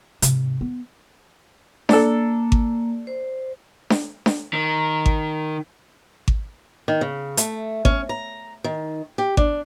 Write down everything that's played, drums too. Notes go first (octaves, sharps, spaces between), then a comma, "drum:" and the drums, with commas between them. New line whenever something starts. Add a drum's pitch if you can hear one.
G#2 C3, drum: hi-hat
B3
A#3 D4 A4, drum: snare D4
drum: kick G#1
C5
drum: snare D4
drum: snare D4
D#3
drum: kick G#1
drum: kick G#1
D#3
C#3
A3, drum: hi-hat
C#4, drum: kick G#1
A#5
D#3
G4
D4, drum: kick G#1